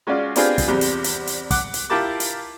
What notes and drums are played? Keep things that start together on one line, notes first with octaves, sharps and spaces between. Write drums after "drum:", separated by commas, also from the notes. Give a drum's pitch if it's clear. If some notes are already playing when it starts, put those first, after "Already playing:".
G#3 C#4 F4 F#4 D5
B3 C4 D4 F4 G4 G#4, drum: hi-hat
drum: kick, hi-hat
E2 C3 G3
drum: hi-hat
drum: hi-hat
drum: hi-hat
F#5 D6, drum: kick, hi-hat
drum: hi-hat
E4 F4 G4 A#4 A5 D6
drum: hi-hat